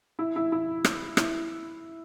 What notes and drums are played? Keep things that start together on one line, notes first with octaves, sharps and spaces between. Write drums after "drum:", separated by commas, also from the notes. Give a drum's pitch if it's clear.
E4
E4
E4
drum: rim click
E4, drum: rim click